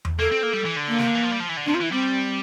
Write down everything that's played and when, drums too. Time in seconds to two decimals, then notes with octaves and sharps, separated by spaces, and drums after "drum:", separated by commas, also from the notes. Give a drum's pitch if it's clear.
0.05 drum: tom E2
0.19 A#3 A4
0.32 C4
0.43 A#3
0.54 G3
0.65 E3
0.77 D3
0.88 A#3
0.98 C3, drum: snare
1.06 D3
1.15 E3
1.23 F3
1.31 G3
1.40 F3
1.49 E3
1.57 D3
1.66 C3 D4
1.74 F4
1.80 E3 E4
1.92 G3 C4